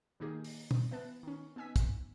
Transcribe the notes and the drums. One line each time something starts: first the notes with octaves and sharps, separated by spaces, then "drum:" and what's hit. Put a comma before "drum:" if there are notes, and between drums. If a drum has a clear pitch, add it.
A#2 D#3 A#3 D#4 G4 G#4
drum: open hi-hat
drum: tom
E3 B3 B4 A5 F#6
D#3 C#4
B3 D#4 G#5 E6 B6
drum: kick, hi-hat